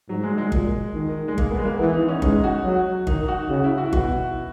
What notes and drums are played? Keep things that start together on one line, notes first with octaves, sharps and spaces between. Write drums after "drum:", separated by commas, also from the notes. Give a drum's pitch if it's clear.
G#2 F#3
G#3
G#3
A#2, drum: kick G1
D#3
G#3
A#3, drum: kick G1
B3
G#3
A#3
E3 B3
D#4
C#4
G#3 D#4, drum: kick G1
F#4
F#3
D#3 D#4, drum: kick G1
F#4
C#3 F#4
E4
F#4
E4
B2 F#4, drum: kick G1